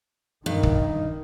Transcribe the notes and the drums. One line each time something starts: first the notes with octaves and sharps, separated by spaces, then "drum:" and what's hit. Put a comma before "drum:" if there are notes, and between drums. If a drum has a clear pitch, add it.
G2 D#3 D#4
drum: kick